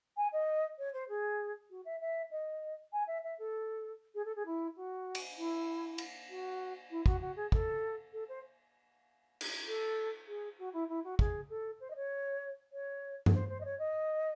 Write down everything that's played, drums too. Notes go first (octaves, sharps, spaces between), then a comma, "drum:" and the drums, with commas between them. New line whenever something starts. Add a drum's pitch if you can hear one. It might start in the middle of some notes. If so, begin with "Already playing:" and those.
G#5
D#5
C#5
C5
G#4
F#4
E5
E5
D#5
G#5
E5
E5
A4
G#4
A4
G#4
E4
F#4
drum: cymbal
E4
drum: cymbal
F#4
E4
F#4, drum: kick
F#4
G#4
A4, drum: kick
A4
C5
drum: cymbal
A4
G#4
F#4
E4
E4
F#4
G#4, drum: kick
A4
C5
D#5
C#5
C#5
A4, drum: tom G2
C5
C5
D#5
C#5
D#5